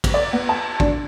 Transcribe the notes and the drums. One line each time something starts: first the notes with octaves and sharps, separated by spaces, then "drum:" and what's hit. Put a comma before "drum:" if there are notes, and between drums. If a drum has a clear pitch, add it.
drum: kick, cymbal
D5
B3
A5
D4, drum: kick